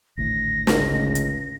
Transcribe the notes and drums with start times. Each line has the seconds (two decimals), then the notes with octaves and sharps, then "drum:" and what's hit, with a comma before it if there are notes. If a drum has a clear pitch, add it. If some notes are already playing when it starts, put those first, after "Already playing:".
0.18 G#1 D2 A2 A#6
0.67 C#2, drum: snare
1.15 drum: hi-hat